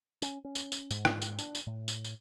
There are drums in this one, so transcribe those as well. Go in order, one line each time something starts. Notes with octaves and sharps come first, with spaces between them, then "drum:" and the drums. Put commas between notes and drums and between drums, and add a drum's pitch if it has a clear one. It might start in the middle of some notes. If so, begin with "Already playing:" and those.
C#4, drum: tambourine
C#4
drum: tambourine
drum: tambourine
G#2, drum: tambourine
drum: rim click
drum: tambourine
D4, drum: tambourine
drum: tambourine
A2
drum: tambourine
drum: tambourine